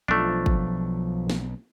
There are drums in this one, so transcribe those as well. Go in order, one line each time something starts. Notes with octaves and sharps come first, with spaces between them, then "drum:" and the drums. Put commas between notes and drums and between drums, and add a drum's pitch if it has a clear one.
B1 F3 A3 D4
drum: kick
drum: snare